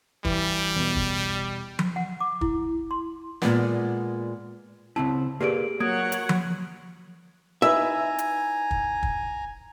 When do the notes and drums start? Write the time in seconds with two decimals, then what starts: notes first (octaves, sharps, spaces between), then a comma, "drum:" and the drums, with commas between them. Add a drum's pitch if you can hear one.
0.25 E3 G3, drum: kick
0.76 E2 B2
0.96 drum: kick
1.79 drum: tom F3
1.96 F#5
2.20 D6
2.41 E4, drum: kick
2.91 C6
3.42 A#2 D#3 G#3 B3 D5 F#5, drum: snare
4.96 C#3 C4 E4 A5
5.41 A#3 G4 G#4 B4 D5 D7
5.80 F#3 A#3 C#5 F#5 D#6 G#6 D7
6.12 drum: hi-hat
6.29 drum: tom F3
7.62 D#4 E4 B4 E5 G#5 A#5
8.18 drum: hi-hat
8.71 drum: kick
9.03 drum: kick